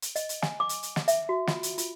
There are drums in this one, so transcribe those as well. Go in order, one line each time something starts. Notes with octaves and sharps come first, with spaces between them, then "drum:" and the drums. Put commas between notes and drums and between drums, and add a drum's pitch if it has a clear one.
drum: hi-hat
D#5, drum: hi-hat
drum: hi-hat
G#5, drum: snare
D6
drum: hi-hat
drum: hi-hat
drum: snare
E5, drum: hi-hat
F#4
F4, drum: snare
drum: hi-hat
F4, drum: hi-hat